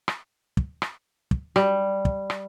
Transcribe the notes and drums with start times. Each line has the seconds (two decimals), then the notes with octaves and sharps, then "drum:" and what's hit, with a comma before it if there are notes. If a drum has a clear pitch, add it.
0.08 drum: rim click
0.57 drum: kick
0.82 drum: rim click
1.31 drum: kick
1.56 G3, drum: rim click
2.05 drum: kick
2.30 drum: rim click